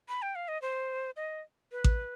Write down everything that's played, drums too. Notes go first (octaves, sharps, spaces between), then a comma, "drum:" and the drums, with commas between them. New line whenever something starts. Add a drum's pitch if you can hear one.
B5
G5
F5
D#5
C5
D#5
B4
drum: kick A1